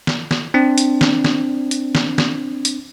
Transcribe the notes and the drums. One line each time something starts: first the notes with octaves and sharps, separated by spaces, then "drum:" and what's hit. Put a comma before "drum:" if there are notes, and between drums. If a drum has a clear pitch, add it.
drum: snare
drum: snare
C4 D4
drum: hi-hat
drum: snare
drum: snare
drum: hi-hat
drum: snare
drum: snare
drum: hi-hat